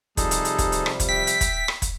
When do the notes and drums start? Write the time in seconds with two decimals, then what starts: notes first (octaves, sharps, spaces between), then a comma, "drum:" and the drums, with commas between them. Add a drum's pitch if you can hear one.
0.17 C3 F3 G3 D#4 G#4 A4, drum: kick, hi-hat
0.31 drum: hi-hat
0.45 drum: hi-hat
0.58 drum: kick, hi-hat
0.72 drum: hi-hat
0.86 drum: rim click
1.00 drum: kick, hi-hat
1.09 E5 G5 B6
1.27 drum: hi-hat
1.41 drum: kick, hi-hat
1.68 drum: rim click
1.82 drum: kick, hi-hat